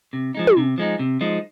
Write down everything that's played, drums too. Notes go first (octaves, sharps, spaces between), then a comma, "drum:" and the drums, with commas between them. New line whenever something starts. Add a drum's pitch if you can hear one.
C3
F3 G#3 D#4
drum: tom
C3
F3 G#3 D#4
C3
F3 G#3 D#4